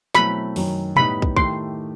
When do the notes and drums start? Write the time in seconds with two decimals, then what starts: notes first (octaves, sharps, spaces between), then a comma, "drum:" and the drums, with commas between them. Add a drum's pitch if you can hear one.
0.15 B2 F#3 A3 C4 E4 B5, drum: snare
0.56 F#2 D#3 F#3, drum: open hi-hat
0.96 A2 G3 B3 D#4 B5, drum: tom B2
1.22 drum: kick
1.37 D#3 A3 E4 G4 C6, drum: kick